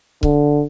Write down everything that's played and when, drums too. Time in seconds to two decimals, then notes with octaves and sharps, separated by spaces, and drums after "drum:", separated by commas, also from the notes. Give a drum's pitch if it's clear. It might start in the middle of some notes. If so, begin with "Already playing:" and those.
0.23 D3, drum: kick C#1